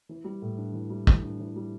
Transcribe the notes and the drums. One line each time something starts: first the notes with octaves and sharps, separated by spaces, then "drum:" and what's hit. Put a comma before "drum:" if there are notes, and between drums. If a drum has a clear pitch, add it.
E3
G3
A2
D4
E3
G3
A2, drum: kick
D4
E3
G3